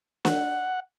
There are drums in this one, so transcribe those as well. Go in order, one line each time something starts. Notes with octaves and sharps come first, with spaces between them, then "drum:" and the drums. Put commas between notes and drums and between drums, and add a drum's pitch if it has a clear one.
F#5, drum: snare